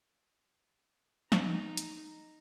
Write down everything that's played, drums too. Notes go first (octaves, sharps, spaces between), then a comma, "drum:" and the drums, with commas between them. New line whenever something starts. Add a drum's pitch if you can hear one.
D#4 A#5, drum: snare
drum: hi-hat